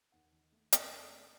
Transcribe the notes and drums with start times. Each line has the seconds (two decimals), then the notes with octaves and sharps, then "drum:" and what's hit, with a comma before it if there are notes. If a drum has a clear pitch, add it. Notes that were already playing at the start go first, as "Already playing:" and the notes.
0.12 D#2 F#5
0.32 D#3
0.52 A3
0.72 F2 A5, drum: hi-hat
0.82 A#5
0.92 C#3 A5
1.12 A3